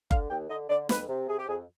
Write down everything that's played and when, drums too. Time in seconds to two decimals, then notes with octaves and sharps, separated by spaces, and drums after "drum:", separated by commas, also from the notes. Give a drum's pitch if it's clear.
0.11 D3 F5, drum: kick F#1
0.29 D#2 G5
0.49 D3 D#5
0.69 D3 D5
0.89 F2 B4, drum: snare
1.09 C3
1.28 C3 G#4
1.39 G4
1.48 F2 G#4